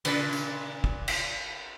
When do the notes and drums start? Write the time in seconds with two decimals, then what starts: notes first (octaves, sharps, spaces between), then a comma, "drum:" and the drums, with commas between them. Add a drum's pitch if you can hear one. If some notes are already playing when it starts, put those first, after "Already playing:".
0.05 A#2 C#3 B4, drum: cymbal
0.33 drum: tambourine
0.84 drum: kick
1.08 drum: cymbal